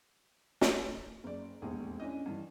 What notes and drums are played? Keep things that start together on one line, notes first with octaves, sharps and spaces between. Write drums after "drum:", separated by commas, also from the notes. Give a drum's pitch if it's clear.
drum: snare
F#1 D5
F1 A#1 E2 G#3 G#4
C#4 D4 E4 D#5
G2 E3